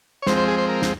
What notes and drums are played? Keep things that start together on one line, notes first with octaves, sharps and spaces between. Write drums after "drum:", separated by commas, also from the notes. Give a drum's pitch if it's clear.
C#5
F3 G#3 C4 C5, drum: snare
C5
G#4
C5
A#4
drum: snare